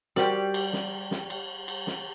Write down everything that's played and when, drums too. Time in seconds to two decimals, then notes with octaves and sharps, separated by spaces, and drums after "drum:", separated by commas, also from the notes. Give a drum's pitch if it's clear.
0.16 G3 F#4 G4 A#4 C5 D5, drum: snare
0.54 drum: cymbal
0.73 drum: snare
1.11 drum: snare
1.30 drum: cymbal
1.68 drum: cymbal
1.87 drum: snare